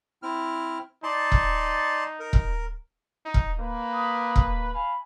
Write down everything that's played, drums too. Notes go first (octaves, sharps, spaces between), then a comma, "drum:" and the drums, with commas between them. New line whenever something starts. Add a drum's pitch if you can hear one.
C4 E4 F6
D#4 D5 A5 C6
drum: kick E1
A#4
drum: kick E1
D#4
drum: kick E1
A#3 B4
D#6
drum: kick E1
F5 G#5 B5